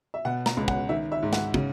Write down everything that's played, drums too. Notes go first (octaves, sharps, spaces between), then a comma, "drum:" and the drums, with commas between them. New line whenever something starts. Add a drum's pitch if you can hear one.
E5
B2 F#5
A#5, drum: snare
C#2
F#5, drum: kick
D#3 E5
E5
G#2
F#5, drum: snare
C#3, drum: kick